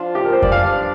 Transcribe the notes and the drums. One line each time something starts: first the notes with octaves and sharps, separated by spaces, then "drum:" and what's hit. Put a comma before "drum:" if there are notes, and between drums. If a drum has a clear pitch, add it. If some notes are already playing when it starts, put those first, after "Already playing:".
Already playing: F3 D4 F4
G4
A#4
C5
D5, drum: kick F2
G2 F3 D4 F5